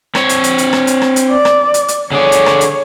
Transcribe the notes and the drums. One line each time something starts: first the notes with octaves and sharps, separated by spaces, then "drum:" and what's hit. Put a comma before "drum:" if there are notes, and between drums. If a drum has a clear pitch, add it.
C4 C#5, drum: rim click
drum: hi-hat
drum: hi-hat
drum: hi-hat
drum: rim click
drum: hi-hat
drum: rim click
drum: hi-hat
D5
drum: rim click
drum: hi-hat
drum: hi-hat
D3 G#4 C#5 D5
drum: hi-hat
drum: rim click
drum: hi-hat